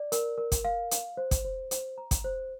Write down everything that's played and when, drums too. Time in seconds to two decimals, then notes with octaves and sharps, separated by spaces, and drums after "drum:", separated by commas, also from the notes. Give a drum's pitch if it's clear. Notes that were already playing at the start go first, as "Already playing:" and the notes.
Already playing: D5
0.12 A#4, drum: hi-hat
0.38 A#4
0.52 drum: kick, hi-hat
0.65 F5
0.91 F5, drum: hi-hat
1.17 C5
1.31 drum: kick, hi-hat
1.44 C5
1.71 C5, drum: hi-hat
1.98 A#5
2.11 drum: kick, hi-hat
2.24 C5